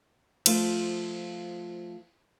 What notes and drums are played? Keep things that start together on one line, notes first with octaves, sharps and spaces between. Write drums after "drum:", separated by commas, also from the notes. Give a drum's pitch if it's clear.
F3 A3 F4 C5, drum: cymbal